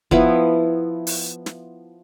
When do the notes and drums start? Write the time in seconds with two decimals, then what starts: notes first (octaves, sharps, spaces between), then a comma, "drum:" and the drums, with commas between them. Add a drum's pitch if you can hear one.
0.11 F3 B3 E4, drum: kick
1.07 drum: open hi-hat
1.46 drum: snare